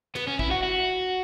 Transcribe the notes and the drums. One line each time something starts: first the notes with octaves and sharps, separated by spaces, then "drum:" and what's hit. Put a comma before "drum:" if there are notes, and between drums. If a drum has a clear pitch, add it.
B3, drum: snare
C#4
E4, drum: kick
F#4
F#4